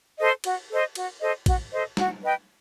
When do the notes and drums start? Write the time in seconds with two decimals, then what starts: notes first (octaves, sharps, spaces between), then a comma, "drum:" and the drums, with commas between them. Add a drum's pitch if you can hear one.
0.18 A4 C5 D#5
0.44 F#4, drum: cymbal
0.70 A4 C5 D#5
0.95 F#4, drum: cymbal
1.21 A4 C5 D#5
1.46 F#4, drum: kick A1, cymbal
1.72 A4 C5 D#5
1.97 F#4, drum: snare
2.23 B4 D#5 G5